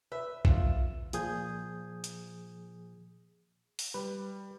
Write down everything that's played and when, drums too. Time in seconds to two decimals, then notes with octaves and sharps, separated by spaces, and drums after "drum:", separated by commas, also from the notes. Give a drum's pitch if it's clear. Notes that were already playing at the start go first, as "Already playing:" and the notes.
0.12 B4 E5
0.45 F4 E7, drum: kick
1.13 A#2 F3 G#4 D#6 G6 G#6, drum: hi-hat
2.04 drum: hi-hat
3.79 drum: open hi-hat
3.94 G3 B4